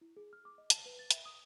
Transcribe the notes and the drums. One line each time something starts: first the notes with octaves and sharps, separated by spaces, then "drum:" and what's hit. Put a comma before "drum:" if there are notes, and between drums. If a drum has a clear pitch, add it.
E4
G#4
F6
D6
D#5
A5, drum: hi-hat
B4
A6
E5, drum: hi-hat
D#6